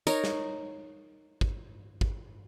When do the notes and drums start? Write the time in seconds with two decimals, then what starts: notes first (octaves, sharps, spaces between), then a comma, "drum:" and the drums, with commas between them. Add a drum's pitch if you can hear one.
0.07 D#4 A#4 C#5, drum: tambourine
0.24 drum: snare
1.41 drum: kick
2.01 drum: kick